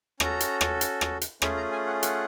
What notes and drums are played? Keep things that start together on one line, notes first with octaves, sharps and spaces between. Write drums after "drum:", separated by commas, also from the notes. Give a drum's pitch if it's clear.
C#4 F#4 A4 A#5, drum: rim click
drum: hi-hat
drum: rim click
drum: hi-hat
drum: rim click
drum: hi-hat
A3 C#4 F4 G#4 B5, drum: rim click
A#5
G#5
F#5
F#5, drum: hi-hat